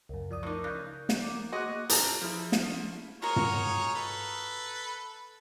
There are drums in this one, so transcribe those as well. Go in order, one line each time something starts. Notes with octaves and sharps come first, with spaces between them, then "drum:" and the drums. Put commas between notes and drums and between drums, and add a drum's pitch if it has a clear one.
C#2 F#2 A#4
F3 D5 D#6
A2 D#4 A#4 C#6 D6
C#3 F#6 G6
drum: snare
A#3 D6
F#4 G#4 D#5 C6 F#6
C#4 F4 G4 A4 A#5, drum: hi-hat
F3 E4 G#4 F6
drum: snare
C#4
D#4 F4 F#4 G#4 A#4 C#5
drum: tom
A4 B4